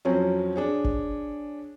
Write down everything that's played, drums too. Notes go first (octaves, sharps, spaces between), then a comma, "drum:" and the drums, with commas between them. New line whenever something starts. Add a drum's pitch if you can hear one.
F2 F3 F#3 C4 C#4
D4 G#4 C#5
drum: kick G1